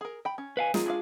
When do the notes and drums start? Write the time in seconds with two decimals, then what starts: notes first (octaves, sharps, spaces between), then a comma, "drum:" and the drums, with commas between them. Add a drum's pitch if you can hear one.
0.01 G#4 A#4
0.25 G5 B5
0.38 C#4
0.57 B4 F5 G#5
0.74 A#3 D#4 F4 G#4, drum: snare
0.86 G#3 D4 F5